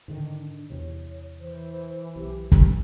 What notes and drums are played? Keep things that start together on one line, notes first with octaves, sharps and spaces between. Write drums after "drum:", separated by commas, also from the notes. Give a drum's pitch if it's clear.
G#2 D3 D#3 D4
E2 C3 C#5
E3 C5
C5
B1 G4
drum: kick